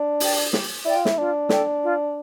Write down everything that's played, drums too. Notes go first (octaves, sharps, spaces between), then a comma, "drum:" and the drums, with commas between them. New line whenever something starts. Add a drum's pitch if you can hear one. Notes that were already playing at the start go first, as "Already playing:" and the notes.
Already playing: D4
D5 G5, drum: open hi-hat
G4, drum: snare
E4 D5 G5
F4
E4, drum: snare
D4 F4
A4 D5 G5, drum: snare
F4